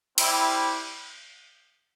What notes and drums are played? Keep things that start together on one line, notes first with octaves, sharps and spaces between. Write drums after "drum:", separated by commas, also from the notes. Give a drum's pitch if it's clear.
G3 C4 E4, drum: cymbal